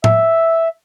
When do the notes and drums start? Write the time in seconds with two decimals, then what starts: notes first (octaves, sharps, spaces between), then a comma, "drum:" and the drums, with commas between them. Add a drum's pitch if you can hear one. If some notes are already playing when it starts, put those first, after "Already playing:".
0.04 E5, drum: tom A2